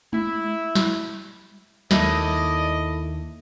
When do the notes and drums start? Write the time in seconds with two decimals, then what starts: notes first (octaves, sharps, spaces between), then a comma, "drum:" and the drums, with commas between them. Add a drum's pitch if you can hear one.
0.13 E4, drum: tom G#3
0.75 drum: snare
1.91 D#2 E4 A4 D5 D#5, drum: snare